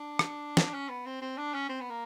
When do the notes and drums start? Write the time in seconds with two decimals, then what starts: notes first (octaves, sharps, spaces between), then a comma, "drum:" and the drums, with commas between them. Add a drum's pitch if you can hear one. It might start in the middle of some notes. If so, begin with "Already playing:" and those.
Already playing: D4
0.19 drum: rim click
0.57 drum: snare
0.74 C#4
0.89 B3
1.06 C4
1.22 C4
1.37 D4
1.54 C#4
1.69 C4
1.81 B3
1.90 A#3